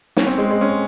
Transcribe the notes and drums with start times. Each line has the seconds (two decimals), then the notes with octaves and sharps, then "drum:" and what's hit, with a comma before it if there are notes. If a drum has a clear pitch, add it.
0.17 C#4, drum: snare
0.27 C4
0.38 G#3
0.50 G#3
0.61 C#4